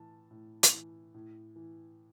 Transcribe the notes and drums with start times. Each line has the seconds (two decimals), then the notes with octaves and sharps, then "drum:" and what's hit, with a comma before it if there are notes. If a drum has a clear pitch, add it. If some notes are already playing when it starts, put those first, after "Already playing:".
Already playing: A2 E3 A5
0.31 A2
0.63 drum: hi-hat
0.73 E3
1.14 A2
1.56 E3